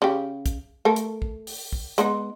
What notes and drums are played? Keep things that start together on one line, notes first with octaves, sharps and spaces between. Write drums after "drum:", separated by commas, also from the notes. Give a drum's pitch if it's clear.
C#3 G4
drum: kick, hi-hat
A3 A4 A#4
drum: hi-hat
drum: kick
drum: open hi-hat
drum: kick
G#3 B3 D#4, drum: hi-hat